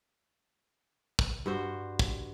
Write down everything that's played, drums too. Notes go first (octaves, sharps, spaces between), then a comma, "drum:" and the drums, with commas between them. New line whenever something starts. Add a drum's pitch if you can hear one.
drum: kick
G2 F#4 C5
drum: kick